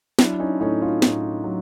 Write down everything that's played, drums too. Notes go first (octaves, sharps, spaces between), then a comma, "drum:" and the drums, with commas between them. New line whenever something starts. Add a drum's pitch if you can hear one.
F#3 D4 E4, drum: snare
C#4 D#4
A2 C#4 D#4
D#4 F4
A2 D#4 F4, drum: snare
F#3